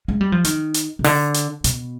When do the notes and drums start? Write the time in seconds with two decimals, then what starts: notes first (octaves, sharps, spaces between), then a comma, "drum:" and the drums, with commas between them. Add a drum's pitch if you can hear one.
0.08 G#3
0.21 G3
0.32 F3
0.44 D#3, drum: hi-hat
0.74 drum: hi-hat
0.99 C3
1.04 D3, drum: open hi-hat
1.34 drum: hi-hat
1.64 B2, drum: hi-hat